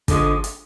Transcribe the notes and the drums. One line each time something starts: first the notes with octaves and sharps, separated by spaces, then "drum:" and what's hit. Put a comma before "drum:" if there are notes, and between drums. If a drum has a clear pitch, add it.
D3 F3 G#3, drum: kick, hi-hat
drum: hi-hat